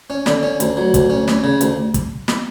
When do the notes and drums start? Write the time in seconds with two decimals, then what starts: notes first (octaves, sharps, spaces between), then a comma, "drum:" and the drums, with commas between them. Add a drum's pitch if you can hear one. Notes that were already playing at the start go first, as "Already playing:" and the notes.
0.10 C#4
0.26 D3, drum: snare
0.43 C#4
0.60 D2, drum: hi-hat
0.77 F#3
0.94 D2, drum: kick, hi-hat
1.10 C#4
1.28 C#4, drum: snare
1.44 C#3
1.61 D2, drum: hi-hat
1.94 drum: kick, hi-hat
2.28 drum: snare